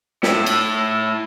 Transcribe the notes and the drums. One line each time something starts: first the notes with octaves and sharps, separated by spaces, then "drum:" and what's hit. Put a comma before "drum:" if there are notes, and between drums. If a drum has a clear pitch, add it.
A2 E4, drum: snare
drum: cymbal